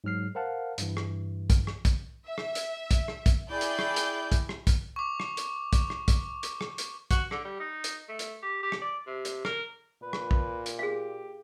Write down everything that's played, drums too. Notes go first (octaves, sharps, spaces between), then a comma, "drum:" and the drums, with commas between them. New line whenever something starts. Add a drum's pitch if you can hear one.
G#2 F#3 F6 C7
A#4 C5 F5 F#5 A5
G2 E3, drum: hi-hat
drum: rim click
drum: kick, hi-hat
drum: rim click
drum: kick, hi-hat
E5
drum: rim click
drum: hi-hat
drum: kick, hi-hat
drum: rim click
drum: kick, hi-hat
E4 G#4 D5 G5 G6
drum: hi-hat
drum: rim click
drum: hi-hat
drum: kick, hi-hat
drum: rim click
drum: kick, hi-hat
C#6 D6
drum: rim click
drum: hi-hat
drum: kick, hi-hat
drum: rim click
drum: kick, hi-hat
drum: hi-hat
drum: rim click
drum: hi-hat
F#4, drum: kick, hi-hat
D3, drum: rim click
G3
D#4
drum: hi-hat
A3
drum: hi-hat
G4
G4
drum: rim click
D5
C3
drum: hi-hat
A#4, drum: rim click
A#2 B4
drum: rim click
drum: kick
drum: hi-hat
G4 G#4 F5